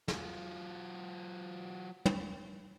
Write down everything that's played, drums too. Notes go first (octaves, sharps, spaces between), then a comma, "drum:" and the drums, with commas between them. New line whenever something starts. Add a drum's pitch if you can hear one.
F#3 F4, drum: snare
drum: tom